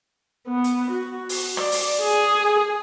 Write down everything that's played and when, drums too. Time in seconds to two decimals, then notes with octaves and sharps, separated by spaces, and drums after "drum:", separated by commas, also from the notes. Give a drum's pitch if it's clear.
0.48 B3
0.64 drum: hi-hat
0.91 F#4
1.29 drum: open hi-hat
1.57 D5, drum: rim click
1.72 drum: open hi-hat
2.03 G#4